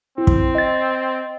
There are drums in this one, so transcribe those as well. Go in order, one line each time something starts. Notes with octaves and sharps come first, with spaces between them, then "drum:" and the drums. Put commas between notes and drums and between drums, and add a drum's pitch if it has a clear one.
C4 E4
drum: kick
D#5 A6